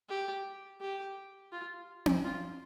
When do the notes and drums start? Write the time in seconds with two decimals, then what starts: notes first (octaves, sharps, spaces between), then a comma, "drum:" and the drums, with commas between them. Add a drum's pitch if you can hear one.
0.09 G4
0.81 G4
1.52 F4
2.06 drum: tom C4
2.24 F4